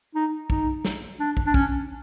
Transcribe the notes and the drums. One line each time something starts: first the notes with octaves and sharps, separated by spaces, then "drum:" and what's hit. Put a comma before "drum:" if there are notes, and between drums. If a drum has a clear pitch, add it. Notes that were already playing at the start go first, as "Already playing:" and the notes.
D#4
D#4, drum: kick
drum: snare
D4
drum: kick
D4
C#4, drum: kick